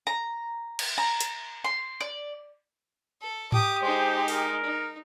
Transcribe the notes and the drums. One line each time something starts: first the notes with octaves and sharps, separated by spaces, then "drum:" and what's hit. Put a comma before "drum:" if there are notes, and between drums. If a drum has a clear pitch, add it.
A#5
drum: cymbal
A#5
drum: hi-hat
C6
D5
A4
G4 D6 D#6, drum: tom G#2
G#3 D#4 C5
A#4, drum: open hi-hat
D#4